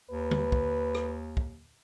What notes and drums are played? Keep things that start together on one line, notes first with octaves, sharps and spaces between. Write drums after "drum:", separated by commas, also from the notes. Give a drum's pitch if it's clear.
D#2 B4
drum: tom D3
drum: kick
drum: rim click
drum: kick